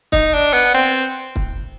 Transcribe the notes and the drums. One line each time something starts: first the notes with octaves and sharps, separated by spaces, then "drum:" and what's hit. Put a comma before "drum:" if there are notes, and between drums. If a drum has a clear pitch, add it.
D#4, drum: kick
D4
B3
C4
drum: kick